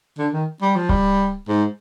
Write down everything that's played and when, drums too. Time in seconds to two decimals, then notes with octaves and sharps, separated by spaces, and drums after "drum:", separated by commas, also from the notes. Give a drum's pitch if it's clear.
0.18 D3
0.33 D#3
0.62 G3
0.76 F3
0.89 G3, drum: kick
1.48 G#2